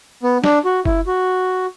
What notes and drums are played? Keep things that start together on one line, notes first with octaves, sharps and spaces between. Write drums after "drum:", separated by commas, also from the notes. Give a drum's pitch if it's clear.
B3
D4, drum: snare
F#4
E4, drum: kick F#1
F#4